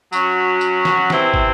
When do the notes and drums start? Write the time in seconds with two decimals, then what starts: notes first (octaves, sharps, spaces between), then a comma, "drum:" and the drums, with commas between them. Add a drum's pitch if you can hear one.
0.13 F#3 C#4 F#4, drum: tambourine
0.61 drum: tambourine
0.85 drum: snare
1.10 C3 E3 C4 E4, drum: snare
1.34 drum: kick